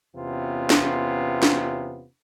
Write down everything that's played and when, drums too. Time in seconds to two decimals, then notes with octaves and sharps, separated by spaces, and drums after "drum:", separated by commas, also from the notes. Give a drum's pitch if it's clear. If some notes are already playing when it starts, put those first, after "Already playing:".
0.16 E2 C3 B3 C#4 F4
0.70 drum: snare
1.43 drum: snare